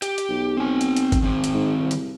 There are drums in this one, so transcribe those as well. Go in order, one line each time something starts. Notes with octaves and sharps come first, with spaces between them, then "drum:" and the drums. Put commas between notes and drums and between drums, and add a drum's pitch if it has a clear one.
G4, drum: hi-hat
drum: hi-hat
B1
C4 G#5
drum: hi-hat
drum: hi-hat
drum: kick, hi-hat
D#3 C4
drum: hi-hat
G#2
C2
drum: hi-hat